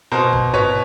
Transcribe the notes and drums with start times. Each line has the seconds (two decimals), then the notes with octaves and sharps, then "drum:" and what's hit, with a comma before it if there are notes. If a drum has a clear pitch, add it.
0.12 B2 A#4 C5
0.33 drum: kick G1
0.53 B2 B4 C#5, drum: tom G2